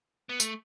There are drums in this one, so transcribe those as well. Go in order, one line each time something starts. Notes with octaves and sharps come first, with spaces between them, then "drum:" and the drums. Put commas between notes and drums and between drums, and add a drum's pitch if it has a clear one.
B3
A3, drum: tambourine